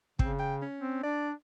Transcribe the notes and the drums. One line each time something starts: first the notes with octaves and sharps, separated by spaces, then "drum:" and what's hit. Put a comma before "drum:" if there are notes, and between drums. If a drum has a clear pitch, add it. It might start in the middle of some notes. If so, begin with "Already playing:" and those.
C#3 C4, drum: kick
G5
C#4
C4
D4 D5